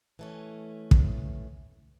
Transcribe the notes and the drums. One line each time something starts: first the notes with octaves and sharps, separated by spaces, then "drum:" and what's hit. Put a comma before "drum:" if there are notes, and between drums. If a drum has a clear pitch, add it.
E3 A3 C#4
drum: kick